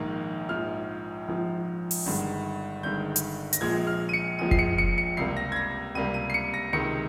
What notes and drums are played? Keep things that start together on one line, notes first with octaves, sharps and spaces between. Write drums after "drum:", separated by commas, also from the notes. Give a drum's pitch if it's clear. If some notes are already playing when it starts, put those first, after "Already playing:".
Already playing: A#1 G#2 D#3 A#3
A#1 G#2 F3 F6
A#1 G#2 F3
drum: open hi-hat
G1 G2 D#3 G#3
G1 G2 D#3 G#3 G6
drum: hi-hat
A#6, drum: hi-hat
A#1 A#2 F3 G#3 G#6
F6
D#7
C#7
A#1 A#2 F3 G#3 D#7
C7, drum: kick F#1
C#7
C#7
C#7
C#2 C3 G3 A#3 C7
A#6
G#6
A#6
C#2 C3 G3 A#3 D#7
D#7
C7
C#7
A#6
C#2 C3 D#3 G#3 C#7